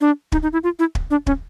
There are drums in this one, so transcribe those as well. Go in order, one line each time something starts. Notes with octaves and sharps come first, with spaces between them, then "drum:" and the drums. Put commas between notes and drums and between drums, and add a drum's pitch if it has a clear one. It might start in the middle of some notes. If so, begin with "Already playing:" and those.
D4
D#4, drum: kick
D#4
E4
F4
E4
drum: kick
D4
C#4, drum: kick